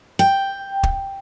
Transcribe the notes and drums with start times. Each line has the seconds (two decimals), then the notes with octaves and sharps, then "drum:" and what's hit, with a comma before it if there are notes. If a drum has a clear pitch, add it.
0.19 G5
0.83 drum: kick